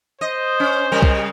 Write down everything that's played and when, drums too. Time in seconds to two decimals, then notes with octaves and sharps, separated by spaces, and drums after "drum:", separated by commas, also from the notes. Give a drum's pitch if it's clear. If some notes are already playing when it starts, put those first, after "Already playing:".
0.21 C5 D#5
0.60 C#4
0.92 C#3 G3 A#4
1.02 drum: kick